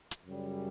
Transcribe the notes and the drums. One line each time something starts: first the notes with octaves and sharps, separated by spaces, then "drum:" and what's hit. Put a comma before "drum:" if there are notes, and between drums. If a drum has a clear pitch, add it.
drum: hi-hat
F#2 C#3 G3